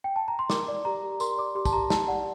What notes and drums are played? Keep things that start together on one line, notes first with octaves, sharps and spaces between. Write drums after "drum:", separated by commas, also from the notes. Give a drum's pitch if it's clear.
G5
A5
A#5
C6
A#4 D6, drum: snare
D5
G4 A#5
G4
A#4 C6, drum: tambourine
D5 D6
G4 C6
A5, drum: kick, tambourine
G4 A#5
G4 A5, drum: snare
D5 F#5